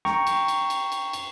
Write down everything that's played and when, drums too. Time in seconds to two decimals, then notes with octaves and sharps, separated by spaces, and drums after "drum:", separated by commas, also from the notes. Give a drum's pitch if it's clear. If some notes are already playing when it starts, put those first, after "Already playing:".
0.05 G5 A#5 C#6, drum: snare
0.27 drum: cymbal
0.48 drum: cymbal
0.70 drum: cymbal
0.92 drum: cymbal
1.13 drum: cymbal